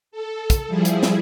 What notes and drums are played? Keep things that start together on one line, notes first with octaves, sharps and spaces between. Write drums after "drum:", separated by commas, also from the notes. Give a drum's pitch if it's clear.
A4
drum: kick, hi-hat
F3 G3 E4 G#4
drum: hi-hat
drum: snare